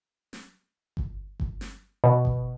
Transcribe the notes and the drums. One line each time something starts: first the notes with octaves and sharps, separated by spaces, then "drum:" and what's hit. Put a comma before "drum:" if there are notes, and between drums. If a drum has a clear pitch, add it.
drum: snare
drum: kick G1
drum: kick G1
drum: snare
B2
drum: kick G1